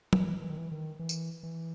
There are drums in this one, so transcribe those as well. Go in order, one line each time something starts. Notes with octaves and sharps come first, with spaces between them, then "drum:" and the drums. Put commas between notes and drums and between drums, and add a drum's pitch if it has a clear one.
E3, drum: tom F#3
E3
D#3
E3
D#3
E3
drum: tambourine
E3